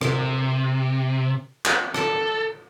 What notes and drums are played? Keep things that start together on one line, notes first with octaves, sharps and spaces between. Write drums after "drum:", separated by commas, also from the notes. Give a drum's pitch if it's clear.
C3, drum: rim click
drum: clap
A4, drum: rim click